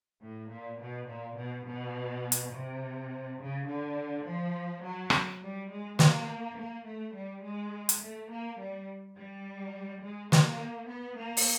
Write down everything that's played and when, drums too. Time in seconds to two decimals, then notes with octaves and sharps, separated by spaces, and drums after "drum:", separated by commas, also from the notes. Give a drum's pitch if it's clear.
0.22 A2
0.51 A#2
0.80 B2
1.08 A#2
1.38 B2
1.66 B2
2.32 drum: hi-hat
2.53 C3
3.39 C#3
3.68 D3
4.26 F3
4.84 F#3
5.10 drum: rim click
5.42 G3
5.70 G#3
5.99 A#3, drum: snare
6.57 A#3
6.86 A3
7.14 G3
7.43 G#3
7.89 drum: hi-hat
8.00 A3
8.30 A#3
8.59 G3
9.16 G3
10.03 G#3
10.32 A#3, drum: snare
10.89 B3
11.18 A#3
11.37 drum: open hi-hat